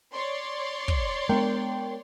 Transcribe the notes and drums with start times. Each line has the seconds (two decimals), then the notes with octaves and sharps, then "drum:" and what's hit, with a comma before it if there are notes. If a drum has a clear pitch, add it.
0.13 C#5 D5 C6
0.88 drum: kick
1.29 G#3 B3 D4 A#4 G5